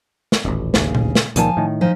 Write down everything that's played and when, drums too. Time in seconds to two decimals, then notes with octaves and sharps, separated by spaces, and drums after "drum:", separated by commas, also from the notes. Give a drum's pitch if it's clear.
0.32 drum: snare
0.45 D#1 A1
0.74 D1 A1 D#2 C#3, drum: snare
0.95 drum: tom A#2
1.15 drum: snare
1.36 C#2 A#2 D#3 F3 G#5 A5, drum: hi-hat
1.57 A2 D#3
1.81 F3 C#4 D#4